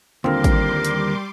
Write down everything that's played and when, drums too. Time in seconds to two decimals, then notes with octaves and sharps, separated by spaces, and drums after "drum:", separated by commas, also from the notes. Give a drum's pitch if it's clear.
0.24 D#2 D3 G3 C4 F4 A#4 C6 D6
0.44 drum: kick, hi-hat
0.85 drum: hi-hat